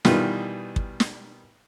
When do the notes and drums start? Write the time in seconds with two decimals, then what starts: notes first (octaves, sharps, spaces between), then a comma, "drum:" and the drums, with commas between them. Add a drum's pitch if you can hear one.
0.05 B2 D#3 E3 G3 F4 B4, drum: snare
0.76 drum: kick
1.00 drum: snare